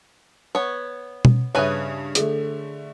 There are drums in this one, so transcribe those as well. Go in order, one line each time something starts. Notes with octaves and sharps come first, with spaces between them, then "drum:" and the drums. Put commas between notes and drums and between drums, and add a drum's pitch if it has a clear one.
B3 C#5
drum: tom B2
G2 C#3 C#4 B4 C#5 E5 G#5 D#6
D3 A3 G#4 A4, drum: hi-hat